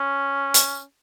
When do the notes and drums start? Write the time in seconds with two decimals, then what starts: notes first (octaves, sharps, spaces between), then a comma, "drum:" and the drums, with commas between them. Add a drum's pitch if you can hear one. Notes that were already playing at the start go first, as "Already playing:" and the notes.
Already playing: C#4
0.54 drum: hi-hat